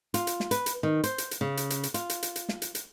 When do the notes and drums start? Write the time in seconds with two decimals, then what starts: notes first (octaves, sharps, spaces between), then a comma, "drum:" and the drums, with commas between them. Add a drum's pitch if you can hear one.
0.14 F4, drum: hi-hat
0.27 drum: hi-hat
0.40 drum: snare
0.51 B4, drum: hi-hat
0.66 drum: hi-hat
0.83 D#3
1.04 C5, drum: hi-hat
1.18 drum: hi-hat
1.31 drum: hi-hat
1.41 C#3
1.57 drum: hi-hat
1.70 drum: hi-hat
1.83 drum: hi-hat
1.94 F4, drum: hi-hat
2.10 drum: hi-hat
2.23 drum: hi-hat
2.36 drum: hi-hat
2.49 drum: snare
2.62 drum: hi-hat
2.75 drum: hi-hat